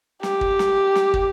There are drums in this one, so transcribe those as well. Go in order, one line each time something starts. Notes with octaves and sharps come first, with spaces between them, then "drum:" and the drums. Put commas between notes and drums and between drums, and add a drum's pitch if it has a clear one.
G4, drum: snare
drum: kick
drum: snare
drum: snare
drum: kick